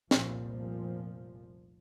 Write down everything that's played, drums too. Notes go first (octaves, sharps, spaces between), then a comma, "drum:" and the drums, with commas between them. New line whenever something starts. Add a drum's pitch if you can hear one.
F1 C2 A#2 F3, drum: snare